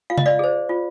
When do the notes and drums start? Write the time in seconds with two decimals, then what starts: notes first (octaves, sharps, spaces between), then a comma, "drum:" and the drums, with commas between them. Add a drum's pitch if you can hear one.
0.10 F4 F5
0.18 D#5, drum: tom C#3
0.26 D5 F5
0.39 G#4 C5
0.69 F4